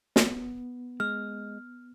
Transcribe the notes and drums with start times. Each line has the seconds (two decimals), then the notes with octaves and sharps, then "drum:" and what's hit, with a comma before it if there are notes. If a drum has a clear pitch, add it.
0.16 B3, drum: snare
1.00 G#3 F6